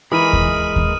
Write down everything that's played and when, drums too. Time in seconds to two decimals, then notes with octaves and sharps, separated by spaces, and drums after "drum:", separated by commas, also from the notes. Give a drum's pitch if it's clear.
0.12 E3 G#3 A#4 B5 D#6 F6 D#7
0.33 drum: kick D#2
0.76 drum: kick D#2